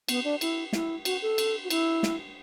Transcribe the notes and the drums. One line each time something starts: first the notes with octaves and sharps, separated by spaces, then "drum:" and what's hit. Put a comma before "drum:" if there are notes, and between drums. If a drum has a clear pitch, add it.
B3, drum: cymbal
D4
E4, drum: cymbal
E4, drum: snare
F#4, drum: cymbal
A4
drum: cymbal
F#4
E4, drum: cymbal
drum: snare